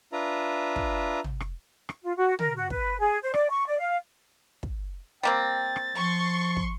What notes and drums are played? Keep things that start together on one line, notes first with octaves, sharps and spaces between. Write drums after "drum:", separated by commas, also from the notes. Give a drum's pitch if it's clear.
D4 F4 B4 E5 A#5
drum: kick
drum: tom
drum: rim click
drum: rim click
F4
F#4
A#4, drum: tom
F#4
B4, drum: kick
G#4
C5
D5, drum: rim click
C#6
D5
F5
drum: kick
G3 A#3 C4 G5 A6
drum: rim click
F3 C6 C#6
drum: kick